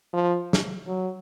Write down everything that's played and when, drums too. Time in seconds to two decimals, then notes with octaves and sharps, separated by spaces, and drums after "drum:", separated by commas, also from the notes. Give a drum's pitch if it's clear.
0.13 F3
0.53 drum: snare
0.87 F#3